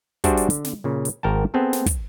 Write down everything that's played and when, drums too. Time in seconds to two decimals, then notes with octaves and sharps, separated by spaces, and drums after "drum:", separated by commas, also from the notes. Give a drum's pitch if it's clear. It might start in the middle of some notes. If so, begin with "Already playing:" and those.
0.24 G3 D4 F#4 G#4 C5 E5, drum: kick, hi-hat
0.37 drum: hi-hat
0.50 D3, drum: hi-hat
0.64 drum: snare
0.84 A#2 C#3
1.05 drum: hi-hat
1.23 G#1 A#4 G5 A5
1.54 B3 C4 G#4 A4
1.73 drum: snare
1.86 drum: kick, hi-hat